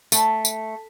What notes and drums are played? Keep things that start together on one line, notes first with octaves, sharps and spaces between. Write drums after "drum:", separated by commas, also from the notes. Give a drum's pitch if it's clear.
A3, drum: tambourine
drum: tambourine